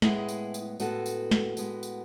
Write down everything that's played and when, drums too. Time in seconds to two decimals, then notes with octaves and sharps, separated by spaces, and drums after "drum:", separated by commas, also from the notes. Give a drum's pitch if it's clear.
0.02 A2 G#3 B3 E4 G#4, drum: snare
0.29 drum: tambourine
0.54 drum: tambourine
0.80 A2 G#3 B3 F#4 A4, drum: tambourine
1.06 drum: tambourine
1.31 drum: snare
1.57 A2 G#3 B3, drum: tambourine
1.83 drum: tambourine